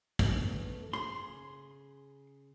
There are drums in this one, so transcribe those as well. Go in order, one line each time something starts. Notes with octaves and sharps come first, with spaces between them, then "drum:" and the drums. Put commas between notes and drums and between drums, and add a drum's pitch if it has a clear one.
A3 B3, drum: kick
C#3 G#4 C6